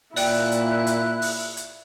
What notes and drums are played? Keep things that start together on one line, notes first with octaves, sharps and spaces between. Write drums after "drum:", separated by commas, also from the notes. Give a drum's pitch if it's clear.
A#2 E4 D5 G5 F#6, drum: open hi-hat
drum: hi-hat
drum: hi-hat
drum: open hi-hat
drum: hi-hat